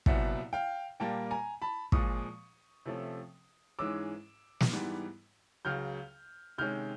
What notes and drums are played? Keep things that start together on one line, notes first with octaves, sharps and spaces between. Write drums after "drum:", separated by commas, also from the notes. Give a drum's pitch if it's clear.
C2 A#2 F#3 B3 E5 F#5, drum: kick
F5 G5
A#2 G3 A#3 G5 A5
G#5 A#5
A5 B5
A#2 F3 G#3 C#6 D#6, drum: kick
C3 F3 A3 C#4
G#2 E3 G#3 C#4 D6 E6
drum: snare
G#2 E3 G3 B3
C#2 C#3 F#3 F6 G6
C3 D#3 G#3 C#4 F6 G6